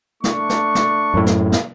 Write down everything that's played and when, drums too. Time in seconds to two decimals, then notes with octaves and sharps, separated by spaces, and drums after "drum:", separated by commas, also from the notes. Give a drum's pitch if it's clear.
0.24 A3 D4 C#6, drum: snare
0.49 drum: snare
0.75 drum: snare
1.14 F#2 A2
1.26 drum: snare
1.52 drum: snare